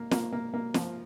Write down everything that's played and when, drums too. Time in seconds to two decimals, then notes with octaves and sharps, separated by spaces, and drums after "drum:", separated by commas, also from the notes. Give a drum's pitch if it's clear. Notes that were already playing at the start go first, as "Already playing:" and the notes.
Already playing: A#3
0.11 A#3, drum: snare
0.33 A#3
0.54 A#3
0.74 F3, drum: snare